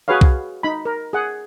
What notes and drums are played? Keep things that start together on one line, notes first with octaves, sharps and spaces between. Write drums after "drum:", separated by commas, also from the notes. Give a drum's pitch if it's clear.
F#4 G#4 B4 C#5 F5
drum: kick C2
D#4 B5
A#4
G#4 F#5